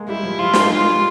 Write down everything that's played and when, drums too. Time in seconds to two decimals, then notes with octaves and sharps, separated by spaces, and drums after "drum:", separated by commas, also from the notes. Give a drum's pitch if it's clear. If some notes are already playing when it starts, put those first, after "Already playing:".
Already playing: G#3 A#3
0.09 G3 E4
0.23 F3
0.38 F3 F4
0.53 drum: snare
0.68 G#3 F4
0.78 G3
0.86 G#3